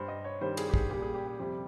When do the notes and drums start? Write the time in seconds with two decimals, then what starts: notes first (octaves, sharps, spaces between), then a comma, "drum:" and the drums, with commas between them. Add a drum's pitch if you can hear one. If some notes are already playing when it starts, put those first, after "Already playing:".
Already playing: G2 G3 C5
0.08 D#5
0.24 C#5
0.41 G2 D#3 G3 C5
0.57 G#4, drum: cymbal
0.69 G4
0.74 G#4, drum: kick
0.90 A#2 G3 G4
1.02 G#4
1.14 G4
1.26 G4
1.39 F2 C3 G3